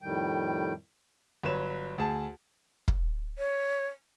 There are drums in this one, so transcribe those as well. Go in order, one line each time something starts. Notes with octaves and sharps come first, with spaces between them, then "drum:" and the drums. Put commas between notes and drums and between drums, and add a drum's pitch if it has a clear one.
F2 A2 D#3 G3 G5
G1 F#3 B4 C#5 E7
D2 G#4 A5
drum: kick
C#5